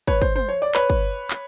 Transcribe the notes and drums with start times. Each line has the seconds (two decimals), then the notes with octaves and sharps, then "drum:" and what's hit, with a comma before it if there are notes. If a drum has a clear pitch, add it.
0.07 B4 C#5, drum: kick
0.22 C5, drum: kick
0.36 C5, drum: tom
0.49 C#5
0.62 D5
0.75 B4 C#5, drum: clap
0.90 drum: kick
1.30 drum: clap